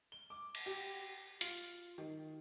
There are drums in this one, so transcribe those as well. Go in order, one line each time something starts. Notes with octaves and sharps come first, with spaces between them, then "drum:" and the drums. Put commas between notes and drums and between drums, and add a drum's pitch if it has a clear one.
G7
D6
drum: cymbal
G4
F4, drum: hi-hat
D#3